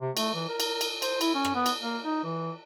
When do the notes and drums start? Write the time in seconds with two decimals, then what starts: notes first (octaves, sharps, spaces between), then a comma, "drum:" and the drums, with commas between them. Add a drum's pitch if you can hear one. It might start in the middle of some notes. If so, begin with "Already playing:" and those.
0.01 C3
0.17 A3, drum: cymbal
0.34 E3
0.49 A#4
0.60 drum: cymbal
0.81 drum: cymbal
1.02 C5, drum: cymbal
1.21 E4, drum: cymbal
1.35 C#4
1.45 drum: rim click
1.55 B3
1.66 drum: cymbal
1.81 A#3
2.04 D#4
2.24 E3